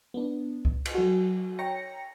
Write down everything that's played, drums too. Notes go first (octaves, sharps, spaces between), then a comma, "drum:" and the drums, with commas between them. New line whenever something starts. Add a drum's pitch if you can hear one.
B3 D4
drum: kick C2
drum: cymbal
F#3 F#4
C#5 G5 A#5 A#6 C#7